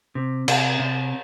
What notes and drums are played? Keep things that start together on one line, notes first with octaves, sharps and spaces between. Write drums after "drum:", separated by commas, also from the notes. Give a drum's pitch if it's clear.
C3
C3, drum: cymbal
C3